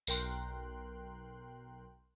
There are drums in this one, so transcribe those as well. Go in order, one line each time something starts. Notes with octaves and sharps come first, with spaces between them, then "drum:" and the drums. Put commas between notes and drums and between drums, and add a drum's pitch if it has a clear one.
B1 A#4 G5 C6 F#6, drum: tambourine